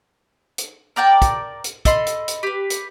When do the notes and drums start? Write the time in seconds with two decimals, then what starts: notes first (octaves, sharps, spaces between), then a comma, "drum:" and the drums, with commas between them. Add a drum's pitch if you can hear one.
0.58 drum: hi-hat
0.96 A#4 D5 G5 A5
1.22 drum: kick, hi-hat
1.64 drum: hi-hat
1.85 A4 D#5 B5 C6, drum: kick, hi-hat
2.07 drum: hi-hat
2.28 drum: hi-hat
2.43 G4 B4
2.70 drum: hi-hat